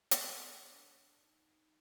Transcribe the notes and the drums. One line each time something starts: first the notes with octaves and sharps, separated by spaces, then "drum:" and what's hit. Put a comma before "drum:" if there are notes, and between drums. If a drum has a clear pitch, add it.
D4, drum: hi-hat
D4
D#4